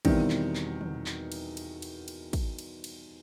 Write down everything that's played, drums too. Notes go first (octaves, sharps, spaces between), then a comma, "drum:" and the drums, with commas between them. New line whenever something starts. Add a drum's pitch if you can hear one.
E2 B2 D#3 G3 C4 E4, drum: kick, cymbal
drum: clap
drum: clap
drum: tom
drum: clap
drum: cymbal
drum: cymbal
drum: cymbal
drum: cymbal
drum: kick, cymbal
drum: cymbal
drum: cymbal